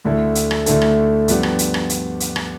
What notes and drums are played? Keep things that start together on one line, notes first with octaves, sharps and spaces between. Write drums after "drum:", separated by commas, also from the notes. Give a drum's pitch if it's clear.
D2 D3 A3 E4 A4
drum: hi-hat
drum: rim click
D2 D3 A3 E4 A4, drum: hi-hat
drum: rim click
G2 F3 B3 D4 G4, drum: hi-hat
drum: rim click
drum: hi-hat
drum: rim click
drum: hi-hat
drum: hi-hat
drum: rim click